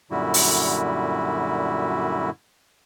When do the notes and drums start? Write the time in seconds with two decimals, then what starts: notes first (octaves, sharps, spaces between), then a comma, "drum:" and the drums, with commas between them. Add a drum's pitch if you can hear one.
0.11 F#2 A#2 D3 G3 E4 F#4
0.34 drum: open hi-hat